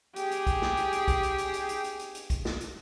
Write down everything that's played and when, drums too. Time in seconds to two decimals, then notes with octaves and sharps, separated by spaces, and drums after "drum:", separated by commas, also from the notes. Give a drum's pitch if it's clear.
0.16 G4 G#4, drum: hi-hat
0.31 drum: hi-hat
0.47 drum: kick, hi-hat
0.62 drum: snare
0.77 drum: hi-hat
0.92 drum: hi-hat
1.08 drum: kick, hi-hat
1.23 drum: hi-hat
1.38 drum: hi-hat
1.54 drum: hi-hat
1.69 drum: hi-hat
1.84 drum: hi-hat
1.99 drum: hi-hat
2.15 drum: hi-hat
2.30 drum: kick, hi-hat
2.45 drum: snare
2.60 drum: hi-hat